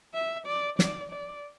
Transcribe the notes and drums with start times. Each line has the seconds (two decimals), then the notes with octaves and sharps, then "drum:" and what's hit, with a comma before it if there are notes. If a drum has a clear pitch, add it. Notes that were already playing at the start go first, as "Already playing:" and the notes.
0.14 E5
0.47 D5
0.79 D5, drum: snare
1.11 D5